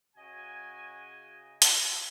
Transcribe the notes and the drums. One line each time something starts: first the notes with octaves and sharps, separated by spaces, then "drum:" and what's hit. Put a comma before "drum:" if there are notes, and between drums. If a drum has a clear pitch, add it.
C#3 F#4 D#5 G#5
drum: hi-hat